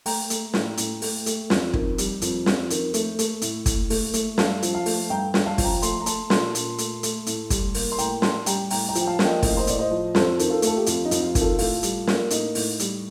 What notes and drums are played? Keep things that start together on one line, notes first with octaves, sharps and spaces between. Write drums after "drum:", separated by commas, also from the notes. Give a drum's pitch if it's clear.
A3 G5 A#5, drum: open hi-hat
A3, drum: hi-hat
A2, drum: snare
A2, drum: hi-hat
A3, drum: open hi-hat
A3, drum: hi-hat
F2, drum: snare
D#3, drum: kick
G3, drum: hi-hat
F2, drum: hi-hat
F2, drum: snare
D#3, drum: hi-hat
A3, drum: hi-hat
A3, drum: hi-hat
A2, drum: hi-hat
A2, drum: kick, hi-hat
A3, drum: open hi-hat
A3, drum: hi-hat
G2 F5 A5, drum: snare
F3, drum: hi-hat
F5 A5
A3, drum: open hi-hat
G2 G5 A#5
G2, drum: snare
F5 A5
F3, drum: kick, open hi-hat
G5 A#5
A3 A5 C6, drum: hi-hat
A#5
A3 A5 C6, drum: hi-hat
A#2 A5 C6, drum: snare
A#2, drum: hi-hat
A3, drum: hi-hat
A3, drum: hi-hat
A2, drum: hi-hat
G3, drum: kick, hi-hat
A#3, drum: open hi-hat
C6
A2 G5 A#5, drum: hi-hat
A2 A5 C6, drum: snare
G3 G5 A#5, drum: hi-hat
A2 G5 A#5, drum: open hi-hat
G5 A#5
F3, drum: hi-hat
G5
F5 A5
A#3, drum: snare
D#5 G5
A2 D#5, drum: kick, open hi-hat
F5
C5 D#5
A2 D5, drum: hi-hat
C5 D#5
F3
F2 A4 C5, drum: snare
D#3, drum: hi-hat
F4 A4
A3 A4, drum: hi-hat
G4
F2 F4, drum: hi-hat
D#4
F2, drum: hi-hat
F4
D#3, drum: kick, hi-hat
F4 A4
A2 F4 A4, drum: open hi-hat
G3, drum: hi-hat
A#3, drum: snare
A2 D#4, drum: hi-hat
A2, drum: open hi-hat
G3, drum: hi-hat